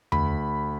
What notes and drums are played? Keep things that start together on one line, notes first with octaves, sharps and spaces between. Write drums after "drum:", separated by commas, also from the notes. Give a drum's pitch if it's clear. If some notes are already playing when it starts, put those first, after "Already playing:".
D2 B5, drum: tom E2